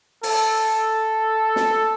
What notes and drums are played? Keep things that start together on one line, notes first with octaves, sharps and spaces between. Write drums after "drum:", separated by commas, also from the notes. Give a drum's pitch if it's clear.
A4, drum: open hi-hat
drum: snare